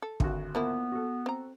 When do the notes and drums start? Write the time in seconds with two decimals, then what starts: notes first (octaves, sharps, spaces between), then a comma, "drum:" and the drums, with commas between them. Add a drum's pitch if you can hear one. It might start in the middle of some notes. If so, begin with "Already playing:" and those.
0.02 A4
0.20 G#1 D2 F#4, drum: kick
0.55 F3 A#3 B3 E4
0.92 F#4 A4
1.26 C4 A#5